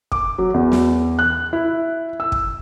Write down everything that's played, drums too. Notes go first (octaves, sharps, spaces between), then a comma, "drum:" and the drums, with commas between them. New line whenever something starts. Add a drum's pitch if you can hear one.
D6, drum: kick
F#3
E2
drum: snare
F#6
E4
E6
drum: kick